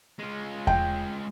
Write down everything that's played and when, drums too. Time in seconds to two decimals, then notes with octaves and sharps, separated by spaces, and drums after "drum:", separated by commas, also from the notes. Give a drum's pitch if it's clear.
0.19 G#3 F4
0.67 G5, drum: kick E2